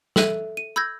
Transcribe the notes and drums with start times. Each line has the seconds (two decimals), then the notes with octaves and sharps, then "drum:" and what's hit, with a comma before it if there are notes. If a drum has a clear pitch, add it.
0.16 A4 E5 F#6 D#7, drum: snare
0.57 D#7
0.76 B5 E6 G6 G#6 A#6